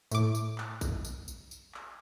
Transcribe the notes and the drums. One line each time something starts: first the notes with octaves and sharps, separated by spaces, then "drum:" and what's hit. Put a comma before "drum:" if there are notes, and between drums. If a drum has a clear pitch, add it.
A2 D6, drum: tambourine
drum: tambourine
drum: clap
drum: kick A#1, tambourine
drum: tambourine
drum: tambourine
drum: tambourine
drum: clap